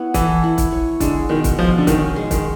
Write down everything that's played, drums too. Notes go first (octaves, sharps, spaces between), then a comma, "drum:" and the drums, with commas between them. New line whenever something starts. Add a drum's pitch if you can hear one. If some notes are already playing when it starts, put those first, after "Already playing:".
Already playing: B3 E4 C#5
E3 A4, drum: kick, hi-hat
E4
drum: kick, hi-hat
C#5
D3 G#3, drum: kick, hi-hat
B2 D#3
drum: kick, hi-hat
B2 F3
D3
D#3 C#4, drum: kick, hi-hat
G#3
D#3, drum: kick, hi-hat